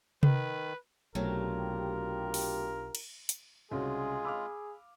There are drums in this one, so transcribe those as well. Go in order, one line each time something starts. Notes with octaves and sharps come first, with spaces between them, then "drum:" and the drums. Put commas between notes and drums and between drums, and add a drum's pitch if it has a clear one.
D#3 B4, drum: tom C3
B1 C3 F#3 A3 D4 F4 G4 A#4
drum: open hi-hat
drum: cymbal
drum: hi-hat
C2 C#3 G#3 C#4 F4 F#4 G#4
F5 B5 D6 E6 F6